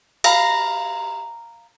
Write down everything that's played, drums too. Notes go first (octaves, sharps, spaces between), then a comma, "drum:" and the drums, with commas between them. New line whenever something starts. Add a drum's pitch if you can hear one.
F5 A#5 B5, drum: cymbal